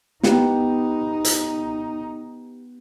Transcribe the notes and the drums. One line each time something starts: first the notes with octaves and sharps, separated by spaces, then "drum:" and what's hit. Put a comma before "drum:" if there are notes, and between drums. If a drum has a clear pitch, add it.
B3 D#4 G4, drum: snare
drum: hi-hat